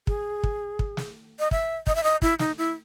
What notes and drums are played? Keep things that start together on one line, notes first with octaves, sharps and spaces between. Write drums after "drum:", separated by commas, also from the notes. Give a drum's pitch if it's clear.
G#4, drum: kick
drum: kick
drum: kick
drum: snare
D#5
E5, drum: kick
D#5, drum: kick
E5
D#5
E4, drum: kick
D#4, drum: snare
E4